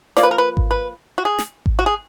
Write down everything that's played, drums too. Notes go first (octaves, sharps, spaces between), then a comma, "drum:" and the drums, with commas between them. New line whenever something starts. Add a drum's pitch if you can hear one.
F3 A#3 D5, drum: snare
B4
A#4
B4
drum: kick G#1
B4
F#4
G#4
drum: snare
drum: kick G#1
F#4
G#4